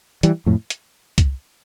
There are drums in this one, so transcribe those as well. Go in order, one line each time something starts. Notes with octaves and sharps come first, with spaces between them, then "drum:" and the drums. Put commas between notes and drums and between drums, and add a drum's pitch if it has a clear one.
E3 G3, drum: hi-hat
F2 A2
drum: hi-hat
drum: kick C2, hi-hat